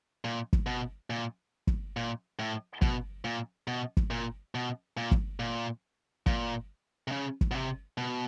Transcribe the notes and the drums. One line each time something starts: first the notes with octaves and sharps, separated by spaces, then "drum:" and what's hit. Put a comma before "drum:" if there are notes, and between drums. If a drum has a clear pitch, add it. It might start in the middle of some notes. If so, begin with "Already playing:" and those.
A#2
drum: kick
B2
A#2
drum: kick
A#2
A2
B2, drum: kick
A#2
B2
drum: kick
A#2
B2
A#2
drum: kick
A#2
A#2, drum: kick
C3
C#3
drum: kick
B2
C3
B2